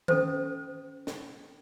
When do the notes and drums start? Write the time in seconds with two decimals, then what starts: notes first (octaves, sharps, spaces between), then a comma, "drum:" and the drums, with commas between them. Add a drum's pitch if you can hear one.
0.08 C#4 A4 C5, drum: tom D#3
1.07 drum: snare